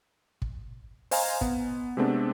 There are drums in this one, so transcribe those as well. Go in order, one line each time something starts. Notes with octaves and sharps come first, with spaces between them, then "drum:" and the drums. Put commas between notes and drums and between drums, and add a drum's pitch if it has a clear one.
drum: kick
C5 D#5 F5 G#5 A#5 C6, drum: open hi-hat
B3, drum: kick
C3 G#3 A3 B3 C4 D4